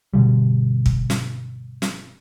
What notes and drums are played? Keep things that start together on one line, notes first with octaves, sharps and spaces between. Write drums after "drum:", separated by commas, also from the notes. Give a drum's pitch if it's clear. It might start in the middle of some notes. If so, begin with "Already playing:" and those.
G1 B2 D3 G3
drum: kick
drum: snare
drum: snare